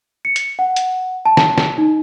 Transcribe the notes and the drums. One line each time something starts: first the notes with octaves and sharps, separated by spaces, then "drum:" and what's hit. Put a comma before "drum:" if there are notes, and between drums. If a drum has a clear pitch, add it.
C#7
drum: hi-hat
F#5
drum: hi-hat
A5
drum: snare
drum: snare
D#4